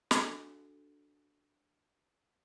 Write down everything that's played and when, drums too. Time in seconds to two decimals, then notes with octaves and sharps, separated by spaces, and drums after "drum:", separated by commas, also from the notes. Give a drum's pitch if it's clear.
0.11 D4 F#4 A4 C6, drum: snare